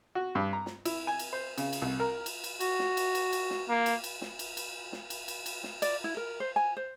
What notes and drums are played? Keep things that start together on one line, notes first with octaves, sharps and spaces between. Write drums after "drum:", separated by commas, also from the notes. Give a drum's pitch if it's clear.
F#4
G2
A#5
drum: snare
E4, drum: cymbal
G#5
drum: cymbal
C5
C#3, drum: cymbal
drum: cymbal
C2
A#4
drum: cymbal
drum: cymbal
F#4, drum: cymbal
drum: snare
drum: cymbal
drum: cymbal
drum: cymbal
drum: snare
A#3
drum: cymbal
drum: cymbal
drum: snare
drum: cymbal
drum: cymbal
drum: snare
drum: cymbal
drum: cymbal
drum: cymbal
drum: snare
D5, drum: cymbal
E4
A#4
C5
G#5
C5